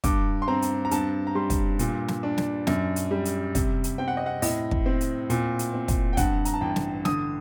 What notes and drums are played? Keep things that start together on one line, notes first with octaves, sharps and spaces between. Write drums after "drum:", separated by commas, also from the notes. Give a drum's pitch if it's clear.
G2 D6, drum: kick, hi-hat
C6
C4 A#5
drum: hi-hat
A#5
G2 A5, drum: hi-hat
A#5
G3 C6
drum: kick, hi-hat
A#2, drum: hi-hat
drum: snare
D4
drum: snare
F#2, drum: snare
drum: hi-hat
G3
drum: hi-hat
C3, drum: kick, hi-hat
drum: hi-hat
C4 G5
F#5
D#5
F#5
A2 D#5, drum: open hi-hat
drum: kick
C4
drum: hi-hat
A#2, drum: hi-hat
drum: hi-hat
C4
drum: kick, hi-hat
G5
G2 F#5, drum: kick, hi-hat
A#5, drum: hi-hat
A5
A1 G5
drum: snare
D3 D#6, drum: snare